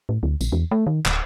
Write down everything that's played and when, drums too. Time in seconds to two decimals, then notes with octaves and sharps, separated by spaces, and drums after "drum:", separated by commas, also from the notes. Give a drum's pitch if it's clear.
0.09 A2
0.23 D2
0.41 A#1, drum: tambourine
0.52 E2
0.71 A3
0.87 D#3
1.05 D1, drum: clap